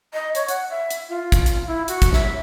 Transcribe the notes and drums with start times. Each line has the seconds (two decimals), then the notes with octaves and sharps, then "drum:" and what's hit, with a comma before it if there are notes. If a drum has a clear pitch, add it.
0.13 D#5
0.35 C#5, drum: hi-hat
0.48 F#5, drum: hi-hat
0.70 E5
0.91 drum: hi-hat
1.09 F4
1.32 drum: kick, hi-hat
1.46 drum: hi-hat
1.67 E4
1.88 F#4, drum: hi-hat
2.02 drum: kick, hi-hat
2.13 E5, drum: snare